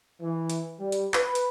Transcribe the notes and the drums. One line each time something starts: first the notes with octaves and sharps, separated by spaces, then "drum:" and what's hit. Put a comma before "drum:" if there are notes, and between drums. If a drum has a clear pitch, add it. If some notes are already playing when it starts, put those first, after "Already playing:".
E3
drum: hi-hat
G3
drum: hi-hat
B4, drum: clap
drum: hi-hat